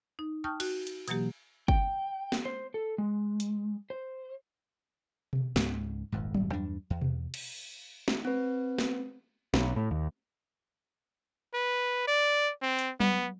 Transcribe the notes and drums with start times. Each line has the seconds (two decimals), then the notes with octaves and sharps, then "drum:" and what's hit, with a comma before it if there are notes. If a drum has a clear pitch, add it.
0.19 D#4
0.44 G5 A5 C#6 D#6 F6 G6
0.60 F#4, drum: cymbal
0.87 drum: hi-hat
1.08 B2 E3 F#3 A#3 G4, drum: hi-hat
1.68 G5, drum: kick
2.32 drum: snare
2.45 C5
2.74 A4
2.98 G#3
3.40 drum: hi-hat
3.90 C5
5.33 drum: tom B2
5.56 C#2 G#2 C#3, drum: snare
6.12 D#1 G#1 F2 G#2
6.35 drum: tom F#3
6.53 E2 G2 D4
6.90 E2
7.02 drum: tom B2
7.34 drum: cymbal
8.08 drum: snare
8.25 C4 B4
8.79 drum: snare
9.54 B1, drum: snare
9.76 A2
9.91 D#2
11.54 B4
12.08 D5
12.62 C4
12.79 drum: hi-hat
13.00 B3, drum: tom F#3